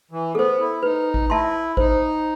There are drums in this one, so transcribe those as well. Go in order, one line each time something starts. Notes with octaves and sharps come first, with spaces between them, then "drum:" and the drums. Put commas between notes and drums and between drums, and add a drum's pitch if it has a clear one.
E3
B3 A4 C5
E4
D#4 B4
drum: kick A1
E4 E5 A5 C6
D#4 C5, drum: kick A1